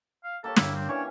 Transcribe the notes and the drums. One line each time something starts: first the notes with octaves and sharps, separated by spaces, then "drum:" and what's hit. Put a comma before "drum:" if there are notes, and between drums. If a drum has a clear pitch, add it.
F5
A#3 G4 A4 C#5
G2 D3 E4 D6, drum: snare
C4
E3 C#4 D4 C#5